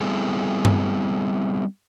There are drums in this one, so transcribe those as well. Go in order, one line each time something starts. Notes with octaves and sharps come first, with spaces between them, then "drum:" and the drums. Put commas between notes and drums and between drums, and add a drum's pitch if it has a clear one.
G3 B3 C4 E4 G#4 A4
drum: tom G2